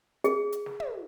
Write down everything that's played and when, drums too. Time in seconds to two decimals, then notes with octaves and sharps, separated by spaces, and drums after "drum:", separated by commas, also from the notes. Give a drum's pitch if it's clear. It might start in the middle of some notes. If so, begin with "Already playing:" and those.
0.24 G#4, drum: hi-hat
0.52 drum: hi-hat
0.66 drum: snare
0.80 drum: tom